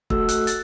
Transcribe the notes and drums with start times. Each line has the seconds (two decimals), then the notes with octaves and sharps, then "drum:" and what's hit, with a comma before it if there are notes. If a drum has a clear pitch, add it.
0.10 A3 F#4 A4 E6, drum: kick
0.29 F#6, drum: hi-hat
0.47 A6, drum: hi-hat